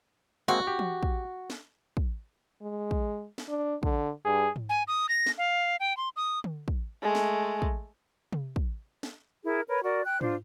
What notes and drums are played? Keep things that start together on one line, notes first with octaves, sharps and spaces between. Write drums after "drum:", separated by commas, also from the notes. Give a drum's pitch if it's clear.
G#3 A#3 C4 F#4
G4
drum: tom E3
drum: kick
drum: snare
drum: kick
G#3
drum: kick
drum: snare
D4
D3, drum: kick
G2 G#4
drum: tom G#2
G#5
D#6
A#6
drum: snare
F5
G5
C6
D#6
drum: tom D3
drum: kick
G#3 A3
drum: snare
drum: kick
drum: tom C3
drum: kick
drum: snare
E4 G#4 A#4
A#4 B4 C#5
F#4 A#4 D5
G5 F#6
D4 F4 C5, drum: tom G#2